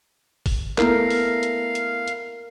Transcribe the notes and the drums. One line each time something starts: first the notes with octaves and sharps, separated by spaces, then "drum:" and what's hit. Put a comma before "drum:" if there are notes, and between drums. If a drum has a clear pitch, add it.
drum: kick, open hi-hat
A3 B3 E4 A#4 F5, drum: clap
drum: open hi-hat
drum: hi-hat
drum: hi-hat
drum: hi-hat